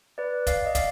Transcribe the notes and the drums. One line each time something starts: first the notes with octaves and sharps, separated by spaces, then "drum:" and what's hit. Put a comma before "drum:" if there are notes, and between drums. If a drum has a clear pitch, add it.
B4 D5
D5 F5, drum: kick, hi-hat
D#5
D5 F5, drum: kick, hi-hat